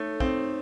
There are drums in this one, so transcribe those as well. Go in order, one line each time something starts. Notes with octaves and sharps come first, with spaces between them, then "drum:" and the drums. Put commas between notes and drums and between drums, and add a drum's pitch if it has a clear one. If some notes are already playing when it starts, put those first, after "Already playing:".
Already playing: A3 D#4 A4 C#5
C4 D#4, drum: kick